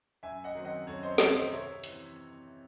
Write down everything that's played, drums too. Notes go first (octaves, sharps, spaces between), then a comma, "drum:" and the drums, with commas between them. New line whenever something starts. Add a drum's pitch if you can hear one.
F#2 E5 G#5
D#5 F#5
D#3 F#3 C4
D#5 F#5
F#2 A4 C#5
C5 D#5
D#3 F#3 C4 C#5 E5, drum: snare
C5 D#5
C3 C#5 E5
E3 C4, drum: hi-hat